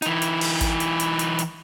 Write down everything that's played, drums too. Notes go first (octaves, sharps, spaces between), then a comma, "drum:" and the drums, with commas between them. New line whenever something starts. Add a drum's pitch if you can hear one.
E3 D#4, drum: hi-hat
drum: hi-hat
drum: open hi-hat
drum: kick, hi-hat
drum: hi-hat
drum: hi-hat
drum: hi-hat
drum: hi-hat